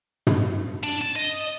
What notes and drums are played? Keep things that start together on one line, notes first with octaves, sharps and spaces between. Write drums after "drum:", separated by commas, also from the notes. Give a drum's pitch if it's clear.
drum: tom
D4
A5
D#5